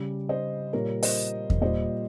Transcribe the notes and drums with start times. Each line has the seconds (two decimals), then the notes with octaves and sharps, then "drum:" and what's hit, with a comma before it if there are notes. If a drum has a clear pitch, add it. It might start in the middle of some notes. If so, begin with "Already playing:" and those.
Already playing: C#3 G3
0.29 C5 D#5
0.73 A#2 G3 A#4 C#5
1.03 C5 D#5, drum: open hi-hat
1.50 drum: kick E2
1.61 A#2 G3 C5 D#5